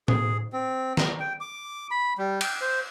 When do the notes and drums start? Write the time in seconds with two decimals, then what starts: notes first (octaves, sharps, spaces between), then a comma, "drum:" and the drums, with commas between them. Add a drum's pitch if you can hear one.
0.08 G#4, drum: tom A2
0.53 C4
0.97 A#5, drum: snare
1.20 G5
1.40 D6
1.91 B5
2.18 G3
2.41 G5, drum: cymbal
2.61 C5